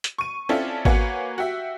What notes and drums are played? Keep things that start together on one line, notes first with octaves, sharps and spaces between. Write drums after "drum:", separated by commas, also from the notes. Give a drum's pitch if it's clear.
drum: hi-hat
C#6 D#7
C4 C#4 E4 F4 A4 D5
A#3 F#4 B4 C#5 F#5 G#5, drum: kick G#1
F#4 G4 E5